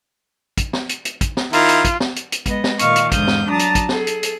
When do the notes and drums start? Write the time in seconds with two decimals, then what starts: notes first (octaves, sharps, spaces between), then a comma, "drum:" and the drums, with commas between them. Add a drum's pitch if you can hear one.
0.57 drum: kick, hi-hat
0.73 drum: snare
0.89 drum: hi-hat
1.05 drum: hi-hat
1.21 drum: kick, hi-hat
1.37 drum: snare
1.53 D#3 E4 F4 A#5, drum: hi-hat
1.69 drum: hi-hat
1.85 drum: kick, hi-hat
2.00 drum: snare
2.16 drum: hi-hat
2.32 drum: hi-hat
2.46 G#3 B3 D#5, drum: kick, hi-hat
2.64 drum: snare
2.79 A#2 D#3 D#5 F5 C#6 D6, drum: hi-hat
2.96 drum: hi-hat
3.12 E2 G#2 D3 F5 D#6 G6, drum: kick, hi-hat
3.27 drum: snare
3.48 F#3 D4 A5 A#5 D#6 A6
3.59 drum: hi-hat
3.75 drum: kick, hi-hat
3.89 G#4 A4, drum: snare
4.07 drum: hi-hat
4.23 drum: hi-hat